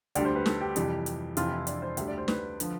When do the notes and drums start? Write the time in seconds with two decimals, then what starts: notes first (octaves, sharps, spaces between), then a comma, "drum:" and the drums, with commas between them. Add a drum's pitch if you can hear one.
0.15 D2 D3 G3 D5, drum: hi-hat
0.25 C5
0.36 B4
0.46 A4, drum: snare
0.61 G4
0.76 F2 C3 E3 G3, drum: hi-hat
1.06 drum: hi-hat
1.37 F2 C3 E3 F4, drum: hi-hat
1.51 E4
1.67 D4, drum: hi-hat
1.82 C5
1.97 D2 D3 G3 E5, drum: hi-hat
2.08 D5
2.18 C5
2.28 B4, drum: snare
2.60 D3 F3, drum: hi-hat